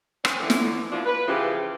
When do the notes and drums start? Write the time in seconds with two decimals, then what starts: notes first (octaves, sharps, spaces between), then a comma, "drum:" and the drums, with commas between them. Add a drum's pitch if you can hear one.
0.25 C4 C#4, drum: rim click
0.40 F2 A2 D3 E3
0.50 drum: snare
0.92 B2 F3 D4 E4 F4
1.06 B4
1.28 C#3 E3 F3 G4